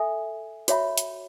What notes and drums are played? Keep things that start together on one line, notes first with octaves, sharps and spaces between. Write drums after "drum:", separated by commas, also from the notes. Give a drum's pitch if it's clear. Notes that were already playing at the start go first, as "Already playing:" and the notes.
Already playing: A4 E5 G#5
F#4 C#5 E5 B5, drum: hi-hat
drum: hi-hat